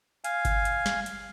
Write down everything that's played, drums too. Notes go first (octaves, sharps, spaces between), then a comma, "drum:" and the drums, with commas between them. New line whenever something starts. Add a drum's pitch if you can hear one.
F5 G#5, drum: hi-hat
drum: kick G1, hi-hat
drum: hi-hat
drum: snare
drum: hi-hat